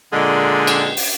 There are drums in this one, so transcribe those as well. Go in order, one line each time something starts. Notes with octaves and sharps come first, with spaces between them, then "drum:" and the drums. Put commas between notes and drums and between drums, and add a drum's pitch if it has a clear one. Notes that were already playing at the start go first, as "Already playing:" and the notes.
A#2 D3 G#3
drum: cymbal
drum: open hi-hat